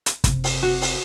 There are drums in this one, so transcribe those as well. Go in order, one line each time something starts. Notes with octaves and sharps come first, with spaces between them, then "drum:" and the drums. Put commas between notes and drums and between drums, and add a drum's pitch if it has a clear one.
drum: hi-hat
F#1 C3, drum: kick, hi-hat
drum: open hi-hat
F#4
drum: open hi-hat